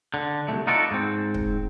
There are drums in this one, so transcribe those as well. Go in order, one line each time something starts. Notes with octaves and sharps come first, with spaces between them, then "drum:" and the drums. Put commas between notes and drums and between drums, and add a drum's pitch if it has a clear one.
D3
C2 G2 A3
D#4 F4 F#4 A4 B4 D5
G#2 C4
drum: kick